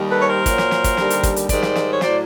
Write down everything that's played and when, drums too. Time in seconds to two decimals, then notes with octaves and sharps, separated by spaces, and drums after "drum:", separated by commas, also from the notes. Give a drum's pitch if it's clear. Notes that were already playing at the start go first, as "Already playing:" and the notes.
Already playing: D#2 D#3 G3
0.10 A4 B4
0.21 C#5
0.28 A#4 C5
0.46 A#2 F#3, drum: kick, hi-hat
0.58 drum: snare
0.71 drum: snare
0.84 drum: kick, hi-hat
0.97 D#2 D3 G3, drum: snare
1.10 drum: hi-hat
1.23 drum: kick, hi-hat
1.36 drum: hi-hat
1.49 G#2 D#3 G3 C5 D5, drum: kick, hi-hat
1.62 drum: snare
1.76 drum: snare
1.93 C#5
2.01 A2 F#3 C5 D5, drum: snare